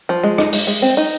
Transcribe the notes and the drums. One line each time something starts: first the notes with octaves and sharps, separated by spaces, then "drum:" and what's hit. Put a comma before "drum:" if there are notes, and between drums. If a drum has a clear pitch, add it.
F3
G#3
D#4, drum: rim click
G#3, drum: open hi-hat
G#3
C4
D#4